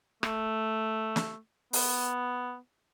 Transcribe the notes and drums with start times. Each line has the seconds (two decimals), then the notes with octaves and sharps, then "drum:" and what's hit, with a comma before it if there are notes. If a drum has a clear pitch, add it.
0.23 A3, drum: rim click
1.16 drum: snare
1.73 B3, drum: open hi-hat